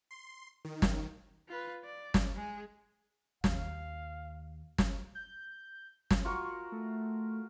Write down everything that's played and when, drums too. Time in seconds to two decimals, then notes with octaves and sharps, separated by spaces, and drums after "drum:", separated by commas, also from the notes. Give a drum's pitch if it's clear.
0.11 C6
0.65 D#3
0.82 drum: snare
1.48 F4 B4
1.84 D5
2.14 drum: snare
2.35 G#3 G#4
3.44 D#2 F5, drum: snare
4.78 drum: snare
5.15 G6
6.10 drum: snare
6.25 F4 F#4 A#4 C#6
6.72 A3